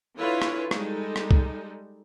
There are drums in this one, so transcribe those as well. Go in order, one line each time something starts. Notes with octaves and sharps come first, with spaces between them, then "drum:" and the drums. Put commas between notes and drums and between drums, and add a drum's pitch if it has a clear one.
D3 E3 E4 F4 B4 C#5
drum: rim click
G3 G#3 D#4 A4, drum: rim click
drum: rim click
drum: kick